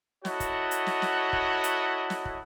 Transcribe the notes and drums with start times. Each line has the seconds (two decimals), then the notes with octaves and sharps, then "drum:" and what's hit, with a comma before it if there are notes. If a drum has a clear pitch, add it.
0.25 E4 F#4 A4 C#5 D#5 F#5, drum: snare
0.40 drum: kick, hi-hat
0.71 drum: hi-hat
0.86 drum: snare
1.02 drum: snare
1.33 drum: kick
1.64 drum: hi-hat
2.10 drum: snare
2.25 drum: kick